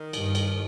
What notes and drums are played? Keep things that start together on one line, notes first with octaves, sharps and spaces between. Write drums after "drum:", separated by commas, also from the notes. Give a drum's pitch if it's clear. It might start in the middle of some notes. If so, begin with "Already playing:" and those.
Already playing: D#3
G2, drum: cymbal
drum: cymbal